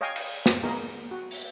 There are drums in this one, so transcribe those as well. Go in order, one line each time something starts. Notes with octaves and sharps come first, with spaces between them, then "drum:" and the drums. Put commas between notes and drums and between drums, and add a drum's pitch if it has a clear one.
C#5 D#5 F5 G5 G#5
drum: cymbal
drum: snare
A#3 B3 D#4 G#4 A#4
F#4
drum: open hi-hat